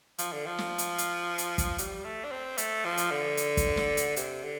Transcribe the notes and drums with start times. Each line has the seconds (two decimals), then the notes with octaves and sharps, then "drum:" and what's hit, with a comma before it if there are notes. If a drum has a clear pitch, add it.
0.18 F3, drum: hi-hat
0.32 D3
0.46 F3
0.58 drum: snare
0.78 drum: hi-hat
0.98 drum: hi-hat
1.38 drum: hi-hat
1.58 drum: kick, hi-hat
1.78 G3, drum: hi-hat
2.04 A3
2.24 D4
2.32 C4
2.58 A3, drum: hi-hat
2.84 F3
2.97 drum: hi-hat
3.11 D3
3.37 drum: hi-hat
3.57 drum: kick, hi-hat
3.77 drum: snare
3.97 drum: hi-hat
4.16 C3, drum: hi-hat
4.44 D3